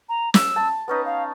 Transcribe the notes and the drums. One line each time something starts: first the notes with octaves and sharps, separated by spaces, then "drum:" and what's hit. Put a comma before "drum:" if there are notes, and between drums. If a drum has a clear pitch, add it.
A#5
E6, drum: snare
A5
B3 C#4 D#4 B4
F5